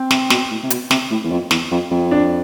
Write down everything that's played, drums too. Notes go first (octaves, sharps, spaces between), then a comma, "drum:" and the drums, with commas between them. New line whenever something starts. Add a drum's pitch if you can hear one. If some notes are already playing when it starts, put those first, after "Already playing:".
Already playing: C4
C3, drum: snare
B2, drum: snare
A2
C3
B2, drum: hi-hat
C3, drum: snare
A2
E2
F2
E2, drum: snare
F2
F2
D4